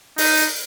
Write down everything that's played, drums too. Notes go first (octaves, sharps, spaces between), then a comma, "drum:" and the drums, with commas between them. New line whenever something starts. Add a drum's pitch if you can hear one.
D#4, drum: open hi-hat
drum: hi-hat